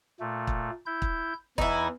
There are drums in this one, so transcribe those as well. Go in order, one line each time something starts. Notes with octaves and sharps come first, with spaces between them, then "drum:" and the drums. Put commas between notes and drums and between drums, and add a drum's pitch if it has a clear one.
A#2 A3
drum: kick
E4 G6
drum: kick
E2 E3 D#4 E4, drum: kick